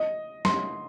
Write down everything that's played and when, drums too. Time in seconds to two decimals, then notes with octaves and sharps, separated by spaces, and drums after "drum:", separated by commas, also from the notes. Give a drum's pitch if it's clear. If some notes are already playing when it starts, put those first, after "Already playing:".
Already playing: D#5
0.45 C6, drum: snare